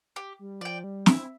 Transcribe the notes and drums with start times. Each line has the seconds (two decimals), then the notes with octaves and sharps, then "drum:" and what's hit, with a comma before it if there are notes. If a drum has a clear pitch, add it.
0.16 G4
0.39 G3
0.61 F3 D5 G5
0.84 G3
1.06 B3 E4, drum: snare
1.16 C4